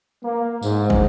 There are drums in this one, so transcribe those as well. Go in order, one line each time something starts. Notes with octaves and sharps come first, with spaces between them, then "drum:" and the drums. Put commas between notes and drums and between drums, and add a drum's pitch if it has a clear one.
A#3
G#2, drum: tambourine
drum: kick